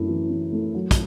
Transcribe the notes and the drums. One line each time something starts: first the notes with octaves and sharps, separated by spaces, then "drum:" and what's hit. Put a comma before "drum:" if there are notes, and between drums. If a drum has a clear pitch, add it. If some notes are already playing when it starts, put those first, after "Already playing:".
Already playing: F#2 A3 E4
E3
E3
A3
F#3
drum: kick, hi-hat